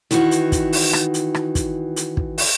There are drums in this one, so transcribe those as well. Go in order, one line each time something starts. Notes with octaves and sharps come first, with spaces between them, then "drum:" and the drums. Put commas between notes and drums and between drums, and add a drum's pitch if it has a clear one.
D#3 E3 F#4, drum: hi-hat
drum: hi-hat
drum: kick, hi-hat
drum: open hi-hat
drum: rim click
drum: hi-hat
drum: rim click
drum: kick, hi-hat
drum: hi-hat
drum: kick
drum: open hi-hat